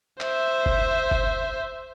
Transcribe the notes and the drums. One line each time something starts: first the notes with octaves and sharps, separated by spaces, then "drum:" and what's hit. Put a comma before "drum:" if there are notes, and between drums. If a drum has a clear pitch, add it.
C5 E5, drum: clap
drum: kick
drum: kick